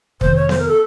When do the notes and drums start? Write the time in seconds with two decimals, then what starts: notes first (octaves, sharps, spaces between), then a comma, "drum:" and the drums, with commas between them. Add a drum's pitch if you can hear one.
0.21 F2 C3 D#3 A#3 C5, drum: kick
0.36 C#5
0.49 C5, drum: snare B3
0.59 A#4
0.68 A4